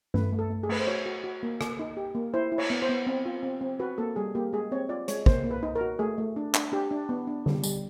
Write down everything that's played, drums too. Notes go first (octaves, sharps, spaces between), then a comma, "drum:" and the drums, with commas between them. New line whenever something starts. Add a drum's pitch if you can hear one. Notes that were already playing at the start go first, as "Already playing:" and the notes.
A3 B4, drum: tom G2
A3
A4
A3
G#4
A3 B4, drum: cymbal
C5
F#4 C#5
F#4
F#4
A#3
A#3, drum: rim click
D#4
G4
A#3
E4 C5
E4
C#5, drum: cymbal
B3
C5
B3
C4
F4
C4
C4
F#4 B4
A#3 A4
G3 G#4
A#3 G4
G#3 G#4
C4 C#5
F4 D5
G#3 C#5, drum: hi-hat
A#3 C5, drum: kick
A#3
B4
D#4
A#4
F#4
A3 G#4
A3
D4
D4, drum: clap
D4 G4
D4
B3
D4
G3, drum: tom D3
G3, drum: tambourine